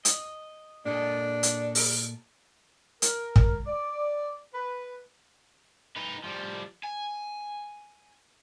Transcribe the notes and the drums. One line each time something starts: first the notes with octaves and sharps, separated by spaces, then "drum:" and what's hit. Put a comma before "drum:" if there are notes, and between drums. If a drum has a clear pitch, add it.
D#5, drum: hi-hat
A#2 D4 A4 D#5
drum: hi-hat
drum: open hi-hat
A#4, drum: hi-hat
drum: kick
D5
B4
D#4 B4
F3 G3
G#5